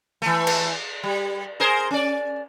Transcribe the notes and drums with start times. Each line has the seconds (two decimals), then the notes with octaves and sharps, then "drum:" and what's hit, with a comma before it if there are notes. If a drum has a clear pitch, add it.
0.22 E3 A3
0.47 drum: cymbal
1.03 G3
1.60 G#4 A#4 C5
1.91 C#4 D5